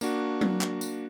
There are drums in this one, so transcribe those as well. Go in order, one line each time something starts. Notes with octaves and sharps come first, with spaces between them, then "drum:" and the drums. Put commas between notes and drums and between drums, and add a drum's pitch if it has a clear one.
A#3 D4 F#4, drum: tambourine
drum: tom F#3
drum: clap
drum: tambourine